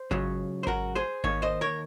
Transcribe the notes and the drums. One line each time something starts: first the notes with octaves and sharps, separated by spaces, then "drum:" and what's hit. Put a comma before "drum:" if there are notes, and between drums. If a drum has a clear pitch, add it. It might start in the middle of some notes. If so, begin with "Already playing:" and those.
Already playing: C5
C#2 C#3 F#3, drum: kick G#1
C5
F#4 A#4, drum: kick G#1
G#4 C5
D#2 D#3 C#5, drum: kick G#1
C5 D#5
A#4 C#5